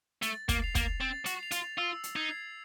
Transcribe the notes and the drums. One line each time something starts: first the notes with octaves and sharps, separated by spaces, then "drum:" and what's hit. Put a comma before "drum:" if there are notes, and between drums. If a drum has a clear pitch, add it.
A3 A6, drum: hi-hat
A#3, drum: kick, hi-hat
C7 F7
A#3, drum: kick, hi-hat
C4 A6
F#4, drum: hi-hat
C7 F7
F4, drum: hi-hat
F4 E6
drum: hi-hat
D#4 G#6
C7